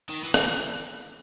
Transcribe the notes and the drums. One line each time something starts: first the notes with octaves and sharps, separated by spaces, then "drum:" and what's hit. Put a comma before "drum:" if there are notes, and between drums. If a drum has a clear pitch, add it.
D#3
E3
E3, drum: rim click